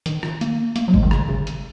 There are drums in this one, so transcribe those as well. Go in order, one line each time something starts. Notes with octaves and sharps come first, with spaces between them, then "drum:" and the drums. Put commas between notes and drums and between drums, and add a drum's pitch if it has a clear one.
D#3, drum: hi-hat
drum: rim click
A#3, drum: hi-hat
A#3, drum: hi-hat
F#3
G#3, drum: kick
D#3
C#3, drum: rim click
C#3
drum: hi-hat